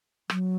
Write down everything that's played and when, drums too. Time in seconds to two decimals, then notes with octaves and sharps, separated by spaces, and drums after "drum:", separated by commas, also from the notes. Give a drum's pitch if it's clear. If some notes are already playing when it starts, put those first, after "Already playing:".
0.30 F#3, drum: rim click